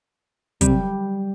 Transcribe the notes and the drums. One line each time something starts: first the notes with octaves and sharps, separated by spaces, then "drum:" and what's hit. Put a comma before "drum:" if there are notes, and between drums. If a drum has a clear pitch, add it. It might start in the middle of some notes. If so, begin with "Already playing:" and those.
C3 G3, drum: kick, hi-hat